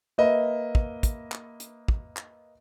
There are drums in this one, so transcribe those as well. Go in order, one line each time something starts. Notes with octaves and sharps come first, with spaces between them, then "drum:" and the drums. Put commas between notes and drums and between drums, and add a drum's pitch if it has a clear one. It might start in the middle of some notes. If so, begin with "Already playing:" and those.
A#3 B4 D#5 E5
drum: kick
drum: kick, hi-hat
drum: clap
drum: hi-hat
drum: kick
drum: clap